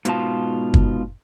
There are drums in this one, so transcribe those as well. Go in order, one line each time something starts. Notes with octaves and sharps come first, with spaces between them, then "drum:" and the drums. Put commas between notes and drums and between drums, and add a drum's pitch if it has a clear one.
G#2 B2 F4 A5, drum: hi-hat
drum: kick